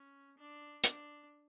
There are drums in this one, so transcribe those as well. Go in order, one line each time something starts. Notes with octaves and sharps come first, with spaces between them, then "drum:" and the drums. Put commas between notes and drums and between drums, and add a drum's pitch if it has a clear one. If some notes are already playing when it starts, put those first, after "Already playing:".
Already playing: C#4
D4
D4, drum: hi-hat